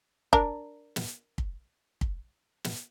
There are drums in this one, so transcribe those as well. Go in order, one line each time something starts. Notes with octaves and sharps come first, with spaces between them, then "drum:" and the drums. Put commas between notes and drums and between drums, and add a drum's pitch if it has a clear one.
D4 A#4, drum: kick
drum: snare
drum: kick
drum: kick
drum: snare